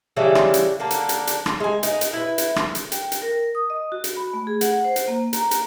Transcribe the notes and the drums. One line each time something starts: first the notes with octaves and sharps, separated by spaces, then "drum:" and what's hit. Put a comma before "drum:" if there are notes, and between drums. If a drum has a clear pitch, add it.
C#3 E3 G3 D4
drum: rim click
drum: hi-hat
D3 A#3 D4
drum: hi-hat
drum: hi-hat
drum: hi-hat
drum: rim click
G#3 G#5
D#4, drum: hi-hat
drum: hi-hat
E4 B4
drum: hi-hat
drum: rim click
drum: hi-hat
G5, drum: hi-hat
drum: hi-hat
A#4
D#6
D#5
F#4
drum: hi-hat
B5
A3
G#4
F#5, drum: hi-hat
C5
drum: hi-hat
A#3
A#5, drum: hi-hat
drum: hi-hat